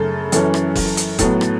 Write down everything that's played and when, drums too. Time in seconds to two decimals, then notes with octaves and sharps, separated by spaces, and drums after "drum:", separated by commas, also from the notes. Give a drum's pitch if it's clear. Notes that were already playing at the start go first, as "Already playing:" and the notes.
Already playing: F#2 C#3 A3 A4
0.32 F#2 E3 C#4 A4, drum: hi-hat
0.54 drum: rim click
0.75 drum: kick F1, open hi-hat
0.97 drum: hi-hat
1.19 A2 F#3 B3 A4, drum: kick F1, hi-hat
1.41 drum: rim click